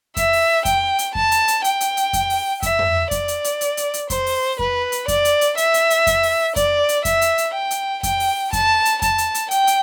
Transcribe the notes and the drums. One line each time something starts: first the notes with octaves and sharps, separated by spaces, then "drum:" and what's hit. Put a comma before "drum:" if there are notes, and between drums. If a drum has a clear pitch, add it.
E5, drum: kick F2, hi-hat
drum: open hi-hat
G5, drum: kick F2, hi-hat
drum: hi-hat
A5, drum: kick F2
drum: hi-hat
drum: hi-hat
G5, drum: hi-hat
drum: hi-hat
drum: hi-hat
drum: kick F2, hi-hat
drum: open hi-hat
E5, drum: kick F2, hi-hat
drum: tom F2
D5, drum: kick F2, hi-hat
drum: hi-hat
drum: hi-hat
drum: hi-hat
drum: hi-hat
drum: hi-hat
C5, drum: kick F2, hi-hat
drum: open hi-hat
B4, drum: kick F2
drum: hi-hat
D5, drum: kick F2, hi-hat
drum: hi-hat
drum: hi-hat
E5, drum: hi-hat
drum: hi-hat
drum: hi-hat
drum: kick F2, hi-hat
drum: open hi-hat
D5, drum: kick F2, hi-hat
drum: hi-hat
E5, drum: kick F2, hi-hat
drum: hi-hat
drum: hi-hat
G5
drum: hi-hat
G5, drum: kick F2, hi-hat
drum: open hi-hat
A5, drum: kick F2, hi-hat
drum: hi-hat
A5, drum: kick F2, hi-hat
drum: hi-hat
drum: hi-hat
G5, drum: hi-hat
drum: hi-hat